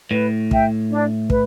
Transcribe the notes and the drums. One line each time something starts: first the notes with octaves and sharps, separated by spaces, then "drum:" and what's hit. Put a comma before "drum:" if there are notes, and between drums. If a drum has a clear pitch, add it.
A2 B4
E5 G5, drum: kick
D4
B4, drum: kick